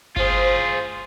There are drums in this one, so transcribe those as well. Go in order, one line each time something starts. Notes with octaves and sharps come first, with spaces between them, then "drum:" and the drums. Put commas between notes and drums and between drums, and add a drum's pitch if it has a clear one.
F4 G#4 C5, drum: kick G1